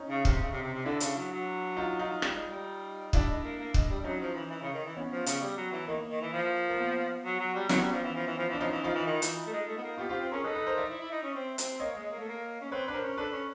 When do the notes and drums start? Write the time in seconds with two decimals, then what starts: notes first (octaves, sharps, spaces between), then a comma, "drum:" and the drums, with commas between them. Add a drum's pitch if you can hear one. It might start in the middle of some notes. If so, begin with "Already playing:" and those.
Already playing: C#4 D#4
0.09 C#3
0.25 C3, drum: kick
0.40 C#3
0.51 C3
0.62 C3
0.74 C3
0.85 D3 D4 E4
1.00 C#3, drum: hi-hat
1.16 F#3
1.31 F#3
1.77 D#4 F4
1.99 D#4 F4
2.22 G3, drum: rim click
2.35 G#3
2.49 G3
3.13 G3 D4 E4, drum: kick
3.29 G#3
3.44 A#3
3.59 A#3
3.74 G#3, drum: kick
3.90 G3
4.00 G3
4.04 F#3 C#4 D#4
4.20 F3
4.35 E3
4.50 E3
4.62 C#3
4.73 D#3
4.85 E3
4.96 B3 C#4
5.11 F3
5.26 C#3, drum: hi-hat
5.41 G3
5.57 F#3
5.72 E3
5.87 D#3 A#3
6.10 D#3
6.21 E3
6.33 F3
6.69 A#3
6.78 B3
7.24 F#3
7.39 F#3
7.54 G3
7.69 F#3 B3 C#4, drum: snare
7.81 G3
7.93 F3
8.04 E3
8.15 F3
8.27 E3
8.38 F3
8.49 E3 D4
8.60 F3 C#4 D#4
8.71 E3
8.83 F3 D#4 F4
8.94 E3
9.06 D#3
9.22 E3, drum: hi-hat
9.46 A3
9.52 G#3
9.67 A3
9.78 B3
9.83 A#3
9.98 B3 F4 G4
10.09 C4 F4 G4
10.21 C4
10.32 C#4 G#4 A#4
10.44 D#4 A4 B4
10.55 A4 B4
10.66 A#4 C5
10.78 D5 E5
10.89 E4
11.00 E4
11.12 D#4
11.23 C#4
11.35 C4
11.58 C4, drum: hi-hat
11.80 A#3 C#5 D#5
11.95 G#3
12.11 A#3
12.19 A3
12.28 A#3
12.61 C#4
12.72 C4 B4 C#5
12.87 D4 B4
12.94 A#4 C5
13.02 C#4
13.17 D4 A4 B4
13.32 C#4